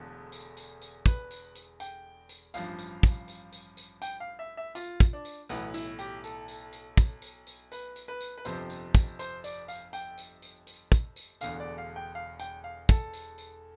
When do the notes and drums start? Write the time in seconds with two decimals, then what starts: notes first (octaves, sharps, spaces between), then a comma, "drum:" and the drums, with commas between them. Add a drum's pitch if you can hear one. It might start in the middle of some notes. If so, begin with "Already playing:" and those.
Already playing: E1 E2 D3 A3 A4
0.32 drum: tambourine
0.57 drum: tambourine
0.82 drum: tambourine
1.06 B4, drum: kick, tambourine
1.31 drum: tambourine
1.55 drum: tambourine
1.80 G5, drum: tambourine
2.29 drum: tambourine
2.54 A1 G2 F3 F5, drum: tambourine
2.79 drum: tambourine
3.03 drum: kick, tambourine
3.28 drum: tambourine
3.53 drum: tambourine
3.77 drum: tambourine
4.02 G5, drum: tambourine
4.20 F5
4.39 E5
4.57 E5
4.75 F4, drum: tambourine
5.00 drum: kick, tambourine
5.13 D4
5.25 drum: tambourine
5.49 B1 A2 E3 B3, drum: tambourine
5.74 E4, drum: tambourine
5.99 G4, drum: tambourine
6.24 A4, drum: tambourine
6.48 drum: tambourine
6.73 drum: tambourine
6.97 drum: kick, tambourine
7.22 drum: tambourine
7.47 drum: tambourine
7.72 B4, drum: tambourine
7.96 drum: tambourine
8.08 B4
8.21 drum: tambourine
8.38 B4
8.45 G1 F2 C3 F3 C5, drum: tambourine
8.70 drum: tambourine
8.95 drum: kick, tambourine
9.19 C5, drum: tambourine
9.44 D5, drum: tambourine
9.68 F5, drum: tambourine
9.93 G5, drum: tambourine
10.18 drum: tambourine
10.42 drum: tambourine
10.67 drum: tambourine
10.92 drum: kick, tambourine
11.16 drum: tambourine
11.41 E1 E2 D3 A3 F5, drum: tambourine
11.60 D5
11.78 F5
11.96 G5
12.15 F5
12.40 G5, drum: tambourine
12.64 F5
12.89 A4, drum: kick, tambourine
13.13 drum: tambourine
13.38 drum: tambourine